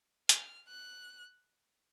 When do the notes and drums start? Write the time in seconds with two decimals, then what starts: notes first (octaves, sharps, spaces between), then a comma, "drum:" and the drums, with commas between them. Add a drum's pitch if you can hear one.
0.29 F6, drum: hi-hat
0.68 F#6